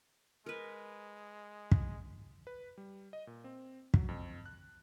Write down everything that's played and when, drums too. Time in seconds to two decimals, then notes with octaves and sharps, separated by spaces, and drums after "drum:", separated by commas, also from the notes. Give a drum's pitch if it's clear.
0.46 G#3 A#4 B4
1.71 drum: kick
2.47 B4
2.78 G3
3.13 D#5
3.27 A#2
3.44 C4
3.94 F#3, drum: kick
4.09 F2
4.46 F#6